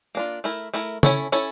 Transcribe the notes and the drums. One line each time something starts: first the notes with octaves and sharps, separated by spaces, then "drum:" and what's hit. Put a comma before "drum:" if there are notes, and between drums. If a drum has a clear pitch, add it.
A#3 D4 F4
A3 E4 A#4
A3 E4 A#4
C#4 E4 A4 C#5, drum: tom C#3
C#4 E4 A4 C#5